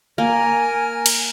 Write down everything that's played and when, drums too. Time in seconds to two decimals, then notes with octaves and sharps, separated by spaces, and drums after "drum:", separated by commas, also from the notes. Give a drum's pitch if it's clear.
0.18 A#3 A#4 G#5
1.06 drum: cymbal